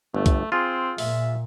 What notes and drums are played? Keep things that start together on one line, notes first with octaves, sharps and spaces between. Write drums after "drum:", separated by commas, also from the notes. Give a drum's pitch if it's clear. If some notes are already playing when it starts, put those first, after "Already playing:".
G1 A3
drum: kick C2, hi-hat
C4 F4 G#4
A#2 E5, drum: open hi-hat